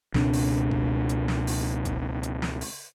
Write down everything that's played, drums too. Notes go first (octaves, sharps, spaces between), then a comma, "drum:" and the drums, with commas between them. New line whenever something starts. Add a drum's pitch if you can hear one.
C#2 B2 C4 D4, drum: snare
drum: open hi-hat
drum: kick G1
drum: hi-hat
drum: snare
drum: open hi-hat
drum: kick G1, hi-hat
drum: hi-hat
drum: snare
drum: open hi-hat